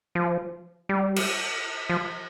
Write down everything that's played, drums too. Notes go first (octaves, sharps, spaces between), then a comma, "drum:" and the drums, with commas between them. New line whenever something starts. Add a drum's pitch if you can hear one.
F3
G3
drum: cymbal
F3